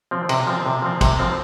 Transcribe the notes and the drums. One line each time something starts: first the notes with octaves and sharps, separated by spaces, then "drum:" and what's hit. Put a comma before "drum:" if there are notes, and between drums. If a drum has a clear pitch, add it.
F3 C4
C3, drum: cymbal
F3 C4
C3
F3 C4
C3, drum: kick, cymbal
F3 C4